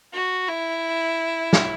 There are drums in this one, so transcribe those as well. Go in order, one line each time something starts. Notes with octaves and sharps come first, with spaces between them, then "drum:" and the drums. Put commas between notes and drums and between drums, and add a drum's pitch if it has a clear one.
F#4
E4
drum: snare